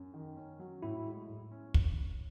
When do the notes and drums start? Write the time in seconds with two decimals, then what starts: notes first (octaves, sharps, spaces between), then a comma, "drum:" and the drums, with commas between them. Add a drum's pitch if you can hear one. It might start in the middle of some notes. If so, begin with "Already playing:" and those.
Already playing: F#2
0.14 D#3
0.37 C#4
0.59 F#3
0.83 A2 E4
1.06 G#3
1.29 A2
1.51 C#4
1.74 drum: kick